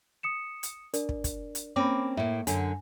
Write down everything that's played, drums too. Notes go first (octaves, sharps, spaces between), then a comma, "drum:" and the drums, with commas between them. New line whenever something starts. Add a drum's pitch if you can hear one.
D#6 C#7 E7
drum: hi-hat
D4 A#4 D5, drum: hi-hat
drum: kick
drum: kick, hi-hat
drum: hi-hat
A#3 C4 C#4 B5 D6
A2 A#3 E5
F#2 D3 G#5, drum: hi-hat